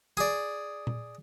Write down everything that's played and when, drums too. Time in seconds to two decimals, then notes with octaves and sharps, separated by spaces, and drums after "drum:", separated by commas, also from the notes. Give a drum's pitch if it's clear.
0.17 G#4 D5
0.87 drum: tom A#2